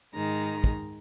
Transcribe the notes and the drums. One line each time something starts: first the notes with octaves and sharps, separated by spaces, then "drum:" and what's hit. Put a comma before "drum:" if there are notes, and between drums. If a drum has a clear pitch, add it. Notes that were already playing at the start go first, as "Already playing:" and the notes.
G#2 D#3 G#3 A#5
drum: kick